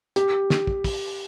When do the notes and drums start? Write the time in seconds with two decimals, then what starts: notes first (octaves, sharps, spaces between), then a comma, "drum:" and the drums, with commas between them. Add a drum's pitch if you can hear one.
0.16 G4, drum: hi-hat
0.50 drum: snare
0.67 drum: kick
0.84 drum: kick, open hi-hat